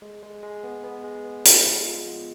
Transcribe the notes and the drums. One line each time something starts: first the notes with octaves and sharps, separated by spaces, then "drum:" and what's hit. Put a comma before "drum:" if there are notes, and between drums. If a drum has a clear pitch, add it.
G#3
G#3
G#3
B3
B3
G#3
B3
G#3, drum: hi-hat
F3
F4
B3